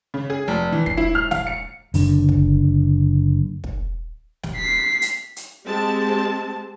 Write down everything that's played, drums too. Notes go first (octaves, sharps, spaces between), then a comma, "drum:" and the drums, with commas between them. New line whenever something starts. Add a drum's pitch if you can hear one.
C#3
G#4
F1
E3
C7, drum: kick
E4
F6
F5, drum: snare
C#7
F#1 D3, drum: open hi-hat
drum: kick
drum: kick
drum: snare
B6 C7
drum: hi-hat
drum: hi-hat
G#3 C4 G4 A5